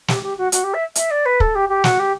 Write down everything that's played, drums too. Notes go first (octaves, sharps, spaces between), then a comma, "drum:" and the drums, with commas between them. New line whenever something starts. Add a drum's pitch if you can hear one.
G4, drum: snare
G4
F#4
F#4, drum: hi-hat
G4
E5
E5, drum: hi-hat
D5
B4
A4, drum: kick
G4
G4
F#4, drum: snare
G4